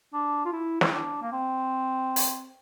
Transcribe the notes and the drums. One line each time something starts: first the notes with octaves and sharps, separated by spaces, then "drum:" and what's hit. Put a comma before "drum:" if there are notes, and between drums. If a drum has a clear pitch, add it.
D4
F4
E4
E4, drum: snare
D4
A#3
C4
drum: open hi-hat